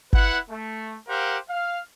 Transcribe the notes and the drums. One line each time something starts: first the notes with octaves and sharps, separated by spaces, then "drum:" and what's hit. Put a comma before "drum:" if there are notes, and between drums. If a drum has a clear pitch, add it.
E4 B4 F#5, drum: kick G1
A3
G4 A#4 C5 F5 F#5
F5